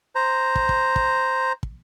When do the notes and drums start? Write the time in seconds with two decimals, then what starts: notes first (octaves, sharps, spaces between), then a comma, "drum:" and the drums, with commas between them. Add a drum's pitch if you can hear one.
0.15 C5 A#5
0.56 drum: kick
0.69 drum: kick
0.96 drum: kick
1.63 drum: kick